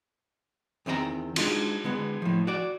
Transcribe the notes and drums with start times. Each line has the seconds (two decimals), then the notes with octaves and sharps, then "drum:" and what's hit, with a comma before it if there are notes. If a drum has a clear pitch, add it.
0.86 E2 D#3 C4 D5 A#5
1.36 G#3 D4 D#4 F4 F#4, drum: cymbal
1.84 D3 G#3 B3
2.22 A2 F3
2.47 F#4 D5